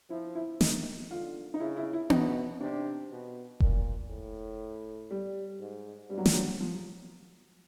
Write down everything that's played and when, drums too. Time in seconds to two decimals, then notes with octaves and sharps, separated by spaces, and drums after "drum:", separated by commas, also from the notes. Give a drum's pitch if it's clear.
0.10 F3 E4
0.35 E4
0.61 D#3 D#4, drum: snare
1.10 D3 F4
1.54 D#4
1.60 C#3 E4
1.76 E4
1.93 E4
2.10 B2 D#4, drum: tom B3
2.60 C3 D4
3.10 B2
3.60 A#2, drum: kick F1
4.10 A2
5.11 G3
5.60 G#2
6.10 G2 G3
6.18 F#3
6.26 F3, drum: snare
6.33 F#3
6.61 F3